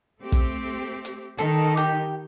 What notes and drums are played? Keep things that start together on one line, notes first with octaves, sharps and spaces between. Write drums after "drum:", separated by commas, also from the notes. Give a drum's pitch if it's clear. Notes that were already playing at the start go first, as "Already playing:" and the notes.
A3 C4 G4
drum: kick, hi-hat
drum: hi-hat
D#3 A4, drum: hi-hat
G4, drum: hi-hat